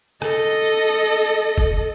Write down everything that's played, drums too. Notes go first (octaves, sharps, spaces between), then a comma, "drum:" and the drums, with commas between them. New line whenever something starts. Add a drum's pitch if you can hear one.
A4 D#5, drum: rim click
drum: kick F1